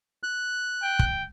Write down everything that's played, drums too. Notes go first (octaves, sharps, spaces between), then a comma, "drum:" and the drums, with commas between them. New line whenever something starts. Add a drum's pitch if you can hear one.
F#6
G5
drum: kick